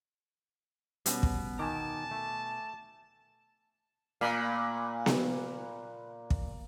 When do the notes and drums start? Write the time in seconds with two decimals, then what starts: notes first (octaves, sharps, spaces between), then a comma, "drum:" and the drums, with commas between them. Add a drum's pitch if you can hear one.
1.06 B2 G3 B3 C#4, drum: hi-hat
1.23 drum: kick
1.59 D#3 G#5 A5 D6
2.11 A3
4.21 A#2 A#3 F5 B5 F#6
5.06 drum: snare B3
6.30 drum: kick